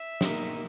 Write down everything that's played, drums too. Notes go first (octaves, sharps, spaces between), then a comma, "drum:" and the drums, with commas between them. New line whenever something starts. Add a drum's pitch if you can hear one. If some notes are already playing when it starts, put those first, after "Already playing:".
Already playing: E5
B2 A#3 D#4, drum: snare